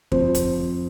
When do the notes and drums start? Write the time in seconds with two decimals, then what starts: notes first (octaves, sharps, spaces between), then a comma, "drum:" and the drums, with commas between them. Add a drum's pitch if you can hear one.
0.12 F2 C5, drum: kick
0.35 drum: kick, hi-hat